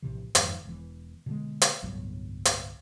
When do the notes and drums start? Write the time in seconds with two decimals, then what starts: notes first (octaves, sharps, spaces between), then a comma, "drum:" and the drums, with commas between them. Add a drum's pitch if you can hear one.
0.02 A#1 A2 C3 E3
0.35 F#1 F2 G#2 D#3, drum: hi-hat
0.65 E1 E3
1.26 B2 D3 G#3
1.61 drum: hi-hat
1.82 G1 C2 A2 F#3
2.45 drum: hi-hat